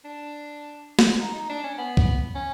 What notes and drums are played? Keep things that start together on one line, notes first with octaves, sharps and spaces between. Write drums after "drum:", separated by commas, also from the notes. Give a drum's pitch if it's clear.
D4
drum: snare
D#4
D#4
D4
C#4
B3
drum: kick
C#4